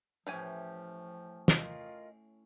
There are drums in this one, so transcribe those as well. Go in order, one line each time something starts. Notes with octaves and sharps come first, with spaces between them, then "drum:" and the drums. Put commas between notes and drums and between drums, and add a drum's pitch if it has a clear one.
A2 E3 F3 C#4 G4 G5 G#5
F4 A#4 D#5, drum: snare